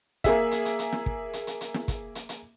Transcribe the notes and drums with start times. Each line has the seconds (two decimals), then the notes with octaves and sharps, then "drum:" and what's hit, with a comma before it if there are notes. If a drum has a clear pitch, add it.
0.24 A#3 G#4 E5, drum: kick, hi-hat
0.52 drum: hi-hat
0.65 drum: hi-hat
0.79 drum: hi-hat
0.93 drum: snare
1.06 drum: kick
1.33 drum: hi-hat
1.47 drum: hi-hat
1.61 drum: hi-hat
1.74 drum: snare
1.88 drum: kick, hi-hat
2.15 drum: hi-hat
2.29 drum: hi-hat